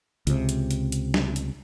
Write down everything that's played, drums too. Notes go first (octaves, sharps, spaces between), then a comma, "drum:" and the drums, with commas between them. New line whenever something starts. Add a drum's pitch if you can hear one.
C#2 C3, drum: hi-hat
drum: hi-hat
drum: hi-hat
drum: hi-hat
drum: snare
drum: hi-hat